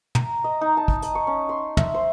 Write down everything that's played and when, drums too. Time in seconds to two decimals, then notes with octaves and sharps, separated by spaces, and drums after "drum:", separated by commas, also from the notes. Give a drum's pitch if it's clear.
0.15 A#5, drum: tom
0.44 D#5
0.61 D#4
0.77 A5
0.88 drum: kick
1.02 D#6, drum: hi-hat
1.15 C#6
1.27 C#4
1.49 C6
1.77 E5, drum: tom
1.94 C5